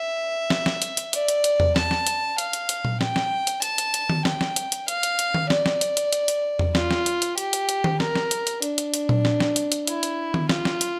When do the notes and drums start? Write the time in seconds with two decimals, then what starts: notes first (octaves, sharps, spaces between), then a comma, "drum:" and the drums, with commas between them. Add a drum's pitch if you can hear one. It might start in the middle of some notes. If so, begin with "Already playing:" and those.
Already playing: E5
0.50 drum: snare
0.66 drum: snare
0.82 drum: hi-hat
0.97 drum: hi-hat
1.13 D5, drum: hi-hat
1.28 drum: hi-hat
1.44 drum: hi-hat
1.60 drum: tom E2
1.76 A5, drum: snare
1.91 drum: snare
2.07 drum: hi-hat
2.38 F5, drum: hi-hat
2.53 drum: hi-hat
2.69 drum: hi-hat
2.85 drum: tom A#2
3.01 G5, drum: snare
3.16 drum: snare
3.47 drum: hi-hat
3.62 A5, drum: hi-hat
3.78 drum: hi-hat
3.94 drum: hi-hat
4.10 drum: tom D#3
4.25 G5, drum: snare
4.41 drum: snare
4.56 drum: hi-hat
4.72 drum: hi-hat
4.88 F5, drum: hi-hat
5.03 drum: hi-hat
5.19 drum: hi-hat
5.34 drum: tom D#3
5.50 D5, drum: snare
5.66 drum: snare
5.81 drum: hi-hat
5.97 drum: hi-hat
6.13 drum: hi-hat
6.28 drum: hi-hat
6.59 drum: tom E2
6.75 F4, drum: snare
6.91 drum: snare
7.06 drum: hi-hat
7.22 drum: hi-hat
7.38 G4, drum: hi-hat
7.53 drum: hi-hat
7.69 drum: hi-hat
7.84 drum: tom D#3
8.00 A#4, drum: snare
8.16 drum: snare
8.31 drum: hi-hat
8.47 drum: hi-hat
8.62 D4, drum: hi-hat
8.78 drum: hi-hat
8.94 drum: hi-hat
9.09 drum: tom A#2
9.25 drum: snare
9.40 drum: snare
9.56 drum: hi-hat
9.72 drum: hi-hat
9.87 E4, drum: hi-hat
10.03 drum: hi-hat
10.34 drum: tom D#3
10.49 F4, drum: snare
10.65 drum: snare
10.81 drum: hi-hat